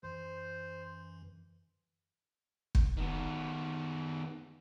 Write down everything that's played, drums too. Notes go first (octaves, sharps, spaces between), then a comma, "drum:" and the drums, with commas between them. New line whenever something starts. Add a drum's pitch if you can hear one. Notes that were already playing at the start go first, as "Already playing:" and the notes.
F#2 E3 C5
drum: kick
D#3 B3